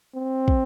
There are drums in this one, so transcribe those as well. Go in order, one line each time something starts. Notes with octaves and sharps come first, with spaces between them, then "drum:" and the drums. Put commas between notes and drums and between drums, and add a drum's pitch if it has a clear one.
C4
drum: kick